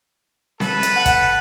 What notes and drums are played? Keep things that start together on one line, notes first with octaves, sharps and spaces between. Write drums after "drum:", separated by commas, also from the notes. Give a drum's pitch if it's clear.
A4 B4, drum: snare C4
drum: hi-hat
F#5
drum: kick, hi-hat